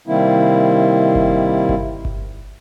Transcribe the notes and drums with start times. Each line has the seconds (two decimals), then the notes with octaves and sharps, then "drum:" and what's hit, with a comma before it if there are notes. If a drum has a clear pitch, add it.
0.08 C3 D#3 G3 A#3 C4 E4
1.15 drum: kick G1
1.69 drum: kick G1
2.05 drum: kick G1